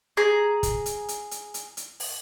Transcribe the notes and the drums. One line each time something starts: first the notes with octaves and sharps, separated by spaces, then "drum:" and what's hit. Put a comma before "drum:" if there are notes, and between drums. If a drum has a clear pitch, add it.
G#4 A#5
drum: kick, hi-hat
drum: hi-hat
drum: hi-hat
drum: hi-hat
drum: hi-hat
drum: hi-hat
drum: open hi-hat